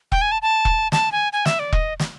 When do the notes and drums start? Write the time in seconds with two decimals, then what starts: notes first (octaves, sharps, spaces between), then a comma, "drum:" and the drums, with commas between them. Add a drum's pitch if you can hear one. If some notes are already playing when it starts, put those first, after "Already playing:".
0.12 G5, drum: kick E1
0.22 G#5
0.32 A5
0.42 A5
0.65 drum: kick E1
0.92 A5, drum: snare
1.12 G#5
1.33 G#5
1.46 E5, drum: snare
1.59 D5
1.72 D#5, drum: kick E1
2.00 drum: snare